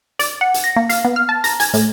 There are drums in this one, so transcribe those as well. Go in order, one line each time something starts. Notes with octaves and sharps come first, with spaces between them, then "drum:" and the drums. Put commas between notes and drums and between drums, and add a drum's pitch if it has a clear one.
D5, drum: hi-hat
F#5
drum: hi-hat
A#6
A#3
F5, drum: hi-hat
B3
F6
A5
A#5, drum: hi-hat
G#5, drum: hi-hat
A2, drum: hi-hat